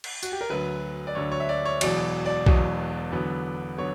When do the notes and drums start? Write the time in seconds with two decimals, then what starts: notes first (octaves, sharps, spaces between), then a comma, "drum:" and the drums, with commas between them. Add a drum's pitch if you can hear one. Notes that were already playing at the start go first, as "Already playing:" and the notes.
0.04 drum: cymbal
0.23 F#4, drum: tambourine
0.32 G4
0.41 A#4
0.50 D2 D3 F#3 B4
1.07 D5
1.15 D2 D3 F#3 C#5
1.32 C#5
1.40 E5
1.49 D5
1.65 C#5
1.81 E1 E2 B2 F#3 D5, drum: cymbal
2.26 D5
2.46 E1 E2 B2 F#3, drum: kick B1
3.12 E2 D3 F#3 B3
3.78 D3 F#3 B3 C#5